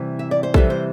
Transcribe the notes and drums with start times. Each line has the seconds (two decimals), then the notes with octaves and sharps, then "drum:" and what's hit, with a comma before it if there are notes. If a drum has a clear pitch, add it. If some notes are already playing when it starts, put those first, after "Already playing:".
Already playing: C3 E3 G3
0.19 E5
0.31 D5
0.43 C5
0.54 C3 E3 G3 A4, drum: kick A#1
0.70 C5